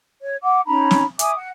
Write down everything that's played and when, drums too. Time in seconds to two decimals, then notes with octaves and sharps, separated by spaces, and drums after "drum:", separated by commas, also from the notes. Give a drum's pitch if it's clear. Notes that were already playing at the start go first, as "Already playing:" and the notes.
0.22 C#5
0.42 F#5 D6
0.66 C#4 D#4 A#5 B5
0.91 drum: snare
1.19 E5 G#5 D6 D#6, drum: hi-hat
1.35 F#5